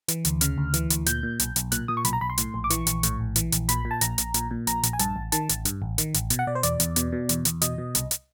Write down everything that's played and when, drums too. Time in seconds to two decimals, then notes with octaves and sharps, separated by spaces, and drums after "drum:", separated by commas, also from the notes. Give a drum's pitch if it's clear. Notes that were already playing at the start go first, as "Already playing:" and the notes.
0.08 E3, drum: hi-hat
0.25 D2, drum: hi-hat
0.41 C#3 F6, drum: hi-hat
0.58 D2
0.74 E3, drum: hi-hat
0.90 D2, drum: hi-hat
1.06 A#2 G6, drum: hi-hat
1.23 A#2
1.40 B1, drum: hi-hat
1.56 B1, drum: hi-hat
1.72 A#2 F#6, drum: hi-hat
1.88 A#2 D#6
1.97 C#6
2.05 B1 B5, drum: hi-hat
2.13 A#5
2.21 B1 B5
2.30 C6
2.38 A2, drum: hi-hat
2.54 A#1
2.64 D6
2.70 E3 C#6, drum: hi-hat
2.87 A#1, drum: hi-hat
3.03 A2, drum: hi-hat
3.20 A#1
3.36 E3, drum: hi-hat
3.52 A#1, drum: hi-hat
3.69 A#2 B5, drum: hi-hat
3.85 A#2
3.91 A5
4.01 A#1 A#5, drum: hi-hat
4.18 A#1, drum: hi-hat
4.34 A#2, drum: hi-hat
4.51 A#2
4.67 A#1 A#5, drum: hi-hat
4.83 A#1, drum: hi-hat
4.93 G#5
4.99 G2 A5, drum: hi-hat
5.16 A1
5.32 D#3 A5, drum: hi-hat
5.49 A1, drum: hi-hat
5.65 G2, drum: hi-hat
5.82 A1
5.98 D#3, drum: hi-hat
6.14 A1, drum: hi-hat
6.30 B2, drum: hi-hat
6.39 F#5
6.47 B2 D5
6.55 C5
6.63 E2 D5, drum: hi-hat
6.80 E2, drum: hi-hat
6.96 B2, drum: hi-hat
7.12 B2
7.29 E2, drum: hi-hat
7.45 E2, drum: hi-hat
7.62 B2 D#5, drum: hi-hat
7.78 B2
7.95 C2, drum: hi-hat
8.11 drum: hi-hat